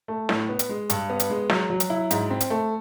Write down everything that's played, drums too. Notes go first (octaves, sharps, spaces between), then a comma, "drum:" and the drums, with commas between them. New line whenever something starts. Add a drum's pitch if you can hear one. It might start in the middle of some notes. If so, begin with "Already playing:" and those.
A3
A2, drum: snare
B3
drum: hi-hat
G#3
G2, drum: hi-hat
B3
drum: hi-hat
G#3
F#3, drum: snare
F#3
drum: hi-hat
E4
G#2, drum: hi-hat
C4
drum: hi-hat
A3